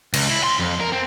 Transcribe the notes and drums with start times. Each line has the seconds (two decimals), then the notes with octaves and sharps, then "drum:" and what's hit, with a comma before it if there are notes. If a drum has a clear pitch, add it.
0.14 C#2, drum: cymbal
0.30 E4
0.44 C6
0.59 F2
0.81 A#4
0.92 C4